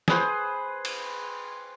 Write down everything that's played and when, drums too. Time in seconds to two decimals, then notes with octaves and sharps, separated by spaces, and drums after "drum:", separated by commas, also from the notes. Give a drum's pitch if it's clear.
0.08 G#4 B4 C5, drum: snare
0.85 drum: cymbal